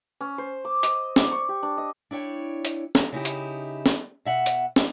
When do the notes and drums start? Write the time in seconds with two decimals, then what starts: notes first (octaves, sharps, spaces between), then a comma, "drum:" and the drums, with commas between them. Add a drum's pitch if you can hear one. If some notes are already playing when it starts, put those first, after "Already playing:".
0.21 C#4
0.38 C5
0.65 D6
0.83 D#5, drum: hi-hat
1.16 D5, drum: snare
1.31 C#6
1.49 G4
1.63 D4
1.77 D#5
2.11 D4 E4 C#5 G5
2.65 drum: hi-hat
2.95 drum: snare
3.12 C#3 D#4 E4 G4
3.25 drum: hi-hat
3.86 drum: snare
4.25 B2 E5 F#5
4.46 drum: hi-hat
4.76 drum: snare